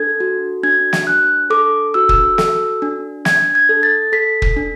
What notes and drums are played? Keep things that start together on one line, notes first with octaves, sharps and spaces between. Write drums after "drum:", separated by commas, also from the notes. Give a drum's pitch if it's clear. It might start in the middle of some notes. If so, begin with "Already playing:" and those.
Already playing: D4 A4 G#6
F#4
D4 G#6
drum: snare
D4 F#6
A4 D6
F#4 E6
drum: kick
A4, drum: snare
D4
D4 G#6, drum: snare
G#6
A4
A6
A4 B6
drum: kick
D4